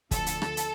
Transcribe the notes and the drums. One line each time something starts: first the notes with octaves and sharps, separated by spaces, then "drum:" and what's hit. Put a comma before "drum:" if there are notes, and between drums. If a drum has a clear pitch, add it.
D2 D3 F3 A4, drum: kick, hi-hat
drum: hi-hat
drum: rim click
drum: hi-hat